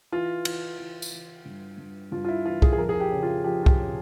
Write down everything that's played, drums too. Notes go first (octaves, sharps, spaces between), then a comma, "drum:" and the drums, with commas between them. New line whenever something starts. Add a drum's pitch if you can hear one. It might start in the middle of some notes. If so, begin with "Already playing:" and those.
E3 F4
E3, drum: cymbal
E3
drum: tambourine
E3
G2
G2
G2 F4
F4
E4
E3 F4
G#4, drum: kick C2
G#4
F2 A#4
G#4
G4
C#3
F4
F3 G4
F4
G4, drum: kick C2
C#3